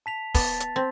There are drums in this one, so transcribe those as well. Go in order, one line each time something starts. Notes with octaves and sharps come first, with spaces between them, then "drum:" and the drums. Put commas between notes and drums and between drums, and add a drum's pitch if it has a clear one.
A5 B6 F7
B3 A5 A6, drum: kick, open hi-hat
drum: hi-hat
C4